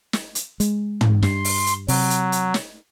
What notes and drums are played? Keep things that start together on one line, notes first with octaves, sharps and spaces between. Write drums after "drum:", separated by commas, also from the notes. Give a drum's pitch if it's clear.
drum: snare
drum: hi-hat
G#3, drum: hi-hat
drum: tom
G2 C6, drum: snare
drum: open hi-hat
drum: hi-hat
C3 F#3, drum: open hi-hat
drum: hi-hat
drum: hi-hat
drum: snare